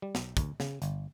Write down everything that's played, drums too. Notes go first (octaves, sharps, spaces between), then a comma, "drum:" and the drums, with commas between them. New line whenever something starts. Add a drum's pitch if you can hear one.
G3
B1, drum: snare
D2, drum: kick, hi-hat
C#3, drum: snare
G1, drum: hi-hat